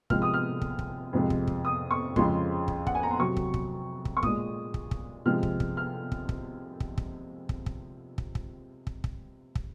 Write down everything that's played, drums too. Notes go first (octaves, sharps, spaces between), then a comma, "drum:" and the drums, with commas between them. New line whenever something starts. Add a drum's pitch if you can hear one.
C3 F3 G#3 F6, drum: kick
D#6
F6
drum: kick
drum: kick
F2 C3 F3 G#3
drum: kick
drum: kick
D#6
C#6
F2 C#3 F3 G#3 C6, drum: kick
drum: kick
F#5, drum: kick
G#5
A#5
C6
C3 F#3 C#6
drum: kick
drum: kick
drum: kick
C#6
A#2 G#3 D#6, drum: kick
drum: kick
drum: kick
C3 F3 G#3 F6
drum: kick
drum: kick
F6
drum: kick
drum: kick
drum: kick
drum: kick
drum: kick
drum: kick
drum: kick
drum: kick
drum: kick
drum: kick
drum: kick